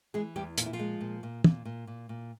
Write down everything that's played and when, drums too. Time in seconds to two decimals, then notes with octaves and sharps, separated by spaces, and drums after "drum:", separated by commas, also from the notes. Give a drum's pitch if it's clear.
0.14 E3 G#3 G#4
0.36 E2 G3 G4
0.58 A#2 F4, drum: hi-hat
0.66 E4
0.73 F3 F4
0.79 G#3
1.01 A#2
1.23 A#2
1.44 A#2, drum: tom
1.65 A#2
1.87 A#2
2.09 A#2